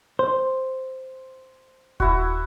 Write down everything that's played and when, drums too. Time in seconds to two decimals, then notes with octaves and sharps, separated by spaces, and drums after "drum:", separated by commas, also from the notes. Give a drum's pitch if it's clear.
0.19 C5
2.00 E4 F#4, drum: kick D#1